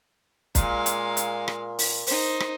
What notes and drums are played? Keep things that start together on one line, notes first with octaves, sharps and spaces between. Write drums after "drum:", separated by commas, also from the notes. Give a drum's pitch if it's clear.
A#2 G#3 F5, drum: kick, hi-hat
drum: hi-hat
drum: hi-hat
drum: rim click
drum: open hi-hat
D#4 C5, drum: open hi-hat
drum: rim click